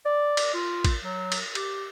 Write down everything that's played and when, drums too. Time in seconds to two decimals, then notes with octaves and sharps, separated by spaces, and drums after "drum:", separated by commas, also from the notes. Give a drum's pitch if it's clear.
0.05 D5
0.37 drum: cymbal
0.54 F4
0.85 drum: kick A1, cymbal
1.04 F#3
1.32 drum: cymbal
1.55 G4, drum: cymbal